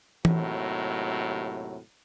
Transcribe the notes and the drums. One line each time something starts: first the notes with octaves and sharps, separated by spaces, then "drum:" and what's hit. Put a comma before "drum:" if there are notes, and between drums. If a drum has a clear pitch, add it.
D#2 A2 C3 F#3, drum: tom E3